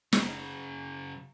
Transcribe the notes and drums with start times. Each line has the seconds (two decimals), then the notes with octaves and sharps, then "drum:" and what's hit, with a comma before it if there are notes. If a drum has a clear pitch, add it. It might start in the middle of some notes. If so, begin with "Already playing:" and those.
0.12 C#3 F#3, drum: snare